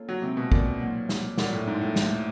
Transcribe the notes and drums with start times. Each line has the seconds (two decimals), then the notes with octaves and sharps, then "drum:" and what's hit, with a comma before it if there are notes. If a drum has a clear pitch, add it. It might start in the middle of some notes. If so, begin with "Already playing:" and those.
Already playing: A#3 C#4 F4 A4
0.09 F#3
0.22 C3 G#3 C4 D#4
0.37 B2
0.52 A#2, drum: kick
0.80 D#3 F#3 A#3
1.09 drum: snare
1.38 A#2 D#3 F#3 B3, drum: snare
1.53 A2
1.67 G#2
1.81 A2
1.96 C3 F3 A3, drum: snare